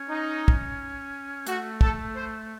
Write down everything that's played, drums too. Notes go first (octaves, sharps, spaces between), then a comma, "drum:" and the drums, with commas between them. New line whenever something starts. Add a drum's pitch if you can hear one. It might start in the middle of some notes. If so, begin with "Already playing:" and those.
Already playing: C#4
D#4
drum: kick
A3 F#4, drum: hi-hat
A4, drum: kick
C5